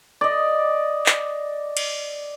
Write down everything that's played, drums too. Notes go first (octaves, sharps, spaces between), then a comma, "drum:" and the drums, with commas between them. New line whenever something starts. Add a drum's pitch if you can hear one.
D5 D#5
drum: clap
drum: cymbal